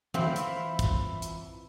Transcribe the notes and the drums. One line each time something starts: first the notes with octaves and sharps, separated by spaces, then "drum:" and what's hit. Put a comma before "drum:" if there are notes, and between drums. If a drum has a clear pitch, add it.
E3 C4 E4 F4, drum: tom E3
drum: hi-hat
drum: kick, hi-hat
drum: hi-hat